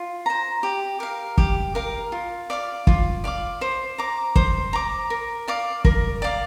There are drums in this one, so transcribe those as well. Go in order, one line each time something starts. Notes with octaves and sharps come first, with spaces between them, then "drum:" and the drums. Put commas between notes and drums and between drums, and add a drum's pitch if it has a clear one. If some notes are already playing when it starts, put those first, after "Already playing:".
Already playing: F4
C5 A#5
G4
A#4 F5
G4, drum: kick
A#4 F5
F4
D5 F5 D6
F4, drum: kick
D5 F5 D6
C5
A#5 D6
C5, drum: kick
A#5 D6
A#4
D5 F5 D6
A#4, drum: kick
D5 F5 D6